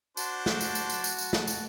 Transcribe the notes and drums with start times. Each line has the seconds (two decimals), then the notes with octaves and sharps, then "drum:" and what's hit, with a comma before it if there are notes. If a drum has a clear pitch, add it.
0.17 D4 F#4 C5 A5, drum: tambourine
0.46 drum: snare
0.61 drum: tambourine
0.75 drum: tambourine
0.90 drum: tambourine
1.04 drum: tambourine
1.19 drum: tambourine
1.33 drum: snare
1.47 drum: tambourine